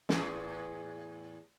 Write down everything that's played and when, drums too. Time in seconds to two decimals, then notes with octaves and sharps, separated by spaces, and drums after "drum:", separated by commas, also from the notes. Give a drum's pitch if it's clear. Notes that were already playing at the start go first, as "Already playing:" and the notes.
0.09 E2 A2 G#4, drum: snare